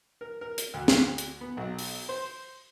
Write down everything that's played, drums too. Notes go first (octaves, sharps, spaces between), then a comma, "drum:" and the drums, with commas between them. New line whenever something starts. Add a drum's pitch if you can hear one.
A#4
A#4
drum: hi-hat
D2
drum: snare
drum: hi-hat
B3
B1
drum: open hi-hat
C5